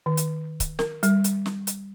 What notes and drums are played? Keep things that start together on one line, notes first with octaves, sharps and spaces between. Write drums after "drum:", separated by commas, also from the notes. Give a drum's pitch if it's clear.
D#3
drum: hi-hat
drum: kick C#1, hi-hat
A#4, drum: snare
G3, drum: hi-hat
drum: hi-hat
drum: snare
drum: hi-hat